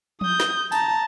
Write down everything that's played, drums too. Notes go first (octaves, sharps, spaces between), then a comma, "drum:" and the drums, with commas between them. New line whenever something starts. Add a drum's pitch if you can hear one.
D#6 G6, drum: tom F3
drum: snare
A5 A#5, drum: tambourine